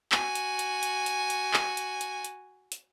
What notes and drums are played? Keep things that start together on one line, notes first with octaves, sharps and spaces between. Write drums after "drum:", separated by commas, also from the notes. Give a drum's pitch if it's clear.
F#4 G#5, drum: clap
drum: hi-hat
drum: hi-hat
drum: hi-hat
drum: hi-hat
drum: hi-hat
drum: clap
drum: hi-hat
drum: hi-hat
drum: hi-hat
drum: hi-hat